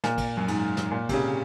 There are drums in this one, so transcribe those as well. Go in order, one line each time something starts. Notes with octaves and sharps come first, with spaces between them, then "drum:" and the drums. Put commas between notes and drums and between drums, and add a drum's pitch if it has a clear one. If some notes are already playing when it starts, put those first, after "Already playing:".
A#2, drum: snare
drum: kick, cymbal
F#2
G#2, drum: cymbal
drum: snare
A#2
C3, drum: kick, cymbal
C#3